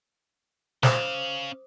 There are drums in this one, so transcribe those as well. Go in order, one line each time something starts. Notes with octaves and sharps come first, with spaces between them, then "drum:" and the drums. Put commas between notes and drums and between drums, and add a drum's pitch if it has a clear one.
C#4 C5 F5 D6 D#6, drum: snare